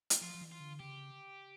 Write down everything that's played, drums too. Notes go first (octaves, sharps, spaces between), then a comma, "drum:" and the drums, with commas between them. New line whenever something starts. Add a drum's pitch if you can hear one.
drum: hi-hat
F3 F4
F3
E3
F4
D3
C#3 G4